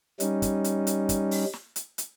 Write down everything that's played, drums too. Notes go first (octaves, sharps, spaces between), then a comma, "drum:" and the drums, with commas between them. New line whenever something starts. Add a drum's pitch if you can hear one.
G3 C#4 D#4, drum: hi-hat
drum: kick, hi-hat
drum: hi-hat
drum: hi-hat
drum: kick, hi-hat
drum: open hi-hat
drum: snare
drum: hi-hat
drum: hi-hat